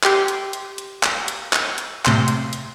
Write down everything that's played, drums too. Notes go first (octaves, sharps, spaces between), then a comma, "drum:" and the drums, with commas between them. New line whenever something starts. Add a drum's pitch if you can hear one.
G4 C6, drum: clap
drum: hi-hat
drum: hi-hat
drum: hi-hat
drum: clap
drum: hi-hat
drum: clap
drum: hi-hat
A2 C3 C6, drum: clap
drum: hi-hat
drum: hi-hat